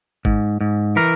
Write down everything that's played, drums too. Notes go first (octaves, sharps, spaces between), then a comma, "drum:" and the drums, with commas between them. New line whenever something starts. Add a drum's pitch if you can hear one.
G#2, drum: kick G#1
G#2
E3 A#4